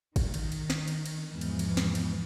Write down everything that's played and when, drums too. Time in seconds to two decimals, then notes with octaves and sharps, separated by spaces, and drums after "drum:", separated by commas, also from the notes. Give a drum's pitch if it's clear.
0.16 D#3, drum: kick, cymbal
0.34 drum: cymbal
0.52 drum: cymbal
0.70 drum: snare
0.88 drum: cymbal
1.06 drum: cymbal
1.32 E2 G#2 E3 F3
1.41 drum: cymbal
1.59 drum: cymbal
1.77 drum: snare
1.95 drum: cymbal